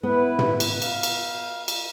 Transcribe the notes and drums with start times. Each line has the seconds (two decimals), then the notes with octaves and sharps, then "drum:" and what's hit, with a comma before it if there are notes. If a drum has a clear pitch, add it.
0.03 B3 E4 B4
0.39 drum: tom
0.60 drum: cymbal
0.82 F5, drum: cymbal
1.03 drum: cymbal
1.68 drum: cymbal